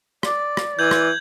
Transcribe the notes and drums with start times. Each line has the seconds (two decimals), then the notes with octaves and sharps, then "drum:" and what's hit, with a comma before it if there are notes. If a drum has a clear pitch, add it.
0.23 D5, drum: rim click
0.57 drum: rim click
0.79 E3 G6 G#6 F#7
0.91 drum: rim click